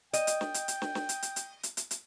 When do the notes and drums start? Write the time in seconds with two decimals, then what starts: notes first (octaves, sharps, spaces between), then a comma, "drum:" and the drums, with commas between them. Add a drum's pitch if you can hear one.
0.13 D#5 G5, drum: hi-hat
0.27 drum: hi-hat
0.41 drum: snare
0.54 drum: hi-hat
0.68 drum: hi-hat
0.82 drum: snare
0.95 drum: snare
1.09 drum: hi-hat
1.22 drum: hi-hat
1.36 drum: hi-hat
1.63 drum: hi-hat
1.77 drum: hi-hat
1.91 drum: hi-hat